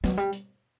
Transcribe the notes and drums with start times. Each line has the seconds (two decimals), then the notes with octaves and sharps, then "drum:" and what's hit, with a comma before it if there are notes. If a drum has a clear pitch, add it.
0.04 F#3, drum: snare
0.17 G3
0.32 drum: hi-hat